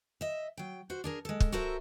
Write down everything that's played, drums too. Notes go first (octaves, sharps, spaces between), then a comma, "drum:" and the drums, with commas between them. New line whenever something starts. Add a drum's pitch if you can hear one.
D#5 E5
F#3 G5
F#4 C5
D4 G#4 A#4
G#3 A4
drum: kick
F#4 A4 A#4 C5 E5